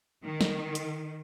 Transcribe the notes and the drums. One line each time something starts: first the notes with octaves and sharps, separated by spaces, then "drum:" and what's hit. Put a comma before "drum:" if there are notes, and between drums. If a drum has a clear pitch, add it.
D#3
drum: snare
drum: hi-hat